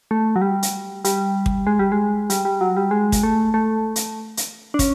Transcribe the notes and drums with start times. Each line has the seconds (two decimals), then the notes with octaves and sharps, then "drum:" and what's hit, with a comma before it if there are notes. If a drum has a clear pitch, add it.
0.11 A3
0.36 F#3
0.42 G3
0.63 drum: hi-hat
1.05 G3, drum: hi-hat
1.46 drum: kick
1.67 G#3
1.79 G3
1.92 G#3
2.30 G3, drum: hi-hat
2.45 G3
2.61 F#3
2.77 G3
2.91 G#3
3.12 drum: kick, hi-hat
3.23 A3
3.54 A3
3.96 drum: hi-hat
4.37 drum: hi-hat
4.74 D4
4.79 C#4, drum: kick, hi-hat